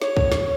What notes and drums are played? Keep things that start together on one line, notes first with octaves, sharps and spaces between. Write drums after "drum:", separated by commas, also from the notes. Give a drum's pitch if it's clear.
C#5, drum: snare
drum: kick
drum: snare